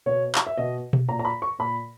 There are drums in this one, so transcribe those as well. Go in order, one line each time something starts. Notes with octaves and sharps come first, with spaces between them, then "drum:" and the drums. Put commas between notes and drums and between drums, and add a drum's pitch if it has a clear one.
B2 C#5
drum: clap
E5
B2 D#5
drum: tom B2
A#2 A#5
A#5
B5
C#6
A#2 B5